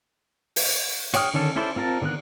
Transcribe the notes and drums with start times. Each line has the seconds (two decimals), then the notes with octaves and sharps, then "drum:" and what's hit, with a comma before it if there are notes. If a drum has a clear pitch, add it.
0.56 drum: open hi-hat
1.14 F#4 C#5 G5 D#6 F6, drum: cymbal
1.34 D3 D#3 C#4 A4
1.56 C#4 E4 A4 C5 D5
1.76 C4 F4 A#4 A5
2.02 D3 D#3 B3 A#4 F#6